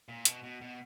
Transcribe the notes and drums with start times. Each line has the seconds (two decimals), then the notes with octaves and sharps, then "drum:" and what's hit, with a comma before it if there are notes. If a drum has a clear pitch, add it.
0.08 A#2
0.25 B2, drum: hi-hat
0.43 B2
0.61 B2